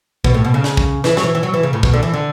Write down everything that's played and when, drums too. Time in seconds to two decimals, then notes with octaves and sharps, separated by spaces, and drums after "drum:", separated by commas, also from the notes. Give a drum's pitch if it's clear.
0.24 B2, drum: kick
0.34 A2
0.45 B2
0.54 C#3
0.64 drum: snare
0.77 drum: kick
1.04 E3, drum: snare
1.17 F#3, drum: snare
1.24 E3
1.35 E3
1.43 F#3
1.54 E3
1.63 C#3
1.73 A2
1.83 B2, drum: kick
1.93 D3
2.03 E3
2.14 D3